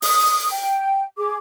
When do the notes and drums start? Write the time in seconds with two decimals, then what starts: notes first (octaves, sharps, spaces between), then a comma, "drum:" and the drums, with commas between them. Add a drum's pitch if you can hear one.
0.02 D#6, drum: open hi-hat
0.51 G5
1.18 G#4 D6